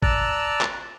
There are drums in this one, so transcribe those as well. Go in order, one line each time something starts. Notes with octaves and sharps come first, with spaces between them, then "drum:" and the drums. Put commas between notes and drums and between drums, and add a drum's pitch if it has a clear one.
D5 A5 A#5 E6 F#6, drum: kick
drum: clap